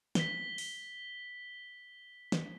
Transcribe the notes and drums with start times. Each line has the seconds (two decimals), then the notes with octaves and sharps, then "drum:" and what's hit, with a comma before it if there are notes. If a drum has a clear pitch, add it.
0.15 B6 G7, drum: snare
0.58 drum: open hi-hat
2.32 drum: snare